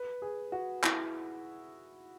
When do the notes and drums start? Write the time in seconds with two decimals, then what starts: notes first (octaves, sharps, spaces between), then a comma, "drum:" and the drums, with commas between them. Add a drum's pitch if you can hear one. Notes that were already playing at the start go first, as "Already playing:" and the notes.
Already playing: B4
0.22 G#4
0.52 F#4
0.83 E4, drum: clap